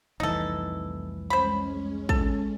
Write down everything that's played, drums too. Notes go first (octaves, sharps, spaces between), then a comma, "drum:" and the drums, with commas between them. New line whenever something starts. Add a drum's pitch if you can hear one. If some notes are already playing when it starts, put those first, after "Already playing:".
F1 C2 E3 D#4 A4
G#3 C#4 C5 B5
A4, drum: kick